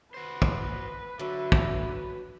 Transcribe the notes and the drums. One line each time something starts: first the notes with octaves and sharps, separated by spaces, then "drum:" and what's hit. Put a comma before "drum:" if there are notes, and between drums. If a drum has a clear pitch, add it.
F#4 B4 C5
drum: kick
D3 F#3 E5
drum: kick